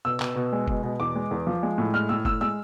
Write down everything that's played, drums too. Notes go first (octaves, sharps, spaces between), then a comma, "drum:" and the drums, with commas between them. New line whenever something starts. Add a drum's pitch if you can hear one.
B2 E6
B2, drum: clap
B2
G#3
B2, drum: kick F#1
B2
E2 D6
G#3
E2
F3
G#3
A2
G#3 F6
A2 E6
A2 E6, drum: kick F#1
G#3 E6